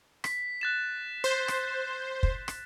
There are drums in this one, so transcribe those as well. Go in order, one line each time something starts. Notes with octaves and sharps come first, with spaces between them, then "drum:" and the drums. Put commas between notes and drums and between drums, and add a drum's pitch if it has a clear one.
B6, drum: rim click
F#6 A6 E7
C5
drum: rim click
drum: kick
drum: rim click